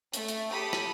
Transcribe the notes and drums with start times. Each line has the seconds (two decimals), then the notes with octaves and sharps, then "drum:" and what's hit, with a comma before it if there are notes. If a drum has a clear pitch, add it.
0.14 A3, drum: hi-hat
0.28 drum: hi-hat
0.52 G4 A4 B5 D#6
0.73 drum: rim click